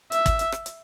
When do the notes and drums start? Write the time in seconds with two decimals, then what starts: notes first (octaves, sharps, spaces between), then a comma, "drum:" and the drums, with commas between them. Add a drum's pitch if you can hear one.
0.12 E5, drum: hi-hat
0.26 drum: kick, hi-hat
0.39 drum: hi-hat
0.52 drum: rim click
0.66 drum: hi-hat